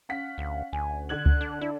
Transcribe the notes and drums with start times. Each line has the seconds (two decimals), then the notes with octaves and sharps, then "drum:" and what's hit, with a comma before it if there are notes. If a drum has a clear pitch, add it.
0.09 C#4 F5 F#5 B6
0.38 D2
0.73 D2 G#5
1.09 D3 F#6 G#6 F#7
1.26 drum: kick C#2
1.41 D4
1.61 D4 E4